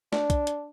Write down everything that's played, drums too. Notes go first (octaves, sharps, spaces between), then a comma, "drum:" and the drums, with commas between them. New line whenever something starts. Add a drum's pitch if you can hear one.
D4, drum: snare
drum: kick B1, hi-hat
drum: hi-hat